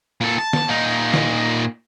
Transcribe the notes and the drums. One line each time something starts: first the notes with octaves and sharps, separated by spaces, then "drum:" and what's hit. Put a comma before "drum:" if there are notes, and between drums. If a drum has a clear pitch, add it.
A#2 A4
A5
drum: snare
A#2 D#4
drum: snare